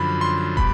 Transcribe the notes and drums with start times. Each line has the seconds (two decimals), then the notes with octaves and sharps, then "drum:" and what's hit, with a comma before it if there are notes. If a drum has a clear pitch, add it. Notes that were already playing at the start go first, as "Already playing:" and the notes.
Already playing: F#2 D3 F3 B5
0.21 C6
0.57 B2 G3 B5, drum: kick